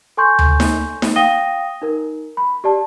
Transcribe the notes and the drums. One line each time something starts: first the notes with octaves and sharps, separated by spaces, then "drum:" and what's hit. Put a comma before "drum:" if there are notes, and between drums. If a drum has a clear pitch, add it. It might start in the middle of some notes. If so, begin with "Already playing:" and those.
A4 G#5 C6 C#6 G6
drum: tom D2
drum: snare D#4
drum: snare D#4
F5 G5 D#6 A#6 D#7 G7
D#4 A#4
B5
G4 D5 A5